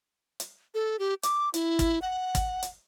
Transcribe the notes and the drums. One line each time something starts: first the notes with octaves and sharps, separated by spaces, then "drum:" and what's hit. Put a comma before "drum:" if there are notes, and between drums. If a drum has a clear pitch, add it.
drum: hi-hat
A4
G4
D6, drum: hi-hat
E4, drum: hi-hat
drum: kick, hi-hat
F#5
drum: kick, hi-hat
drum: hi-hat